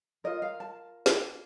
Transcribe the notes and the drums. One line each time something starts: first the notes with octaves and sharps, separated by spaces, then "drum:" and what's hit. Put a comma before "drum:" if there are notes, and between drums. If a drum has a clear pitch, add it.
F4 A#4 D#5
F5
A5
drum: snare